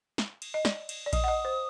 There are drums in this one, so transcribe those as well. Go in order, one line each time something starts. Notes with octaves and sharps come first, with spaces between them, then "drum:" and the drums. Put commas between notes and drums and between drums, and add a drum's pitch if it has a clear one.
drum: snare
drum: cymbal
D#5
D5, drum: snare
drum: cymbal
D5
D#5 D#6, drum: kick A#1, cymbal
F#5
D#5
C5